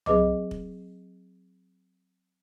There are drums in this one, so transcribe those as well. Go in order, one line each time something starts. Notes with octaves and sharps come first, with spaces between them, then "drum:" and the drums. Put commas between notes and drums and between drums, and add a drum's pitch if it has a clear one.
F#3 C4 G#4 B4 D#5 D6, drum: tom C2
drum: kick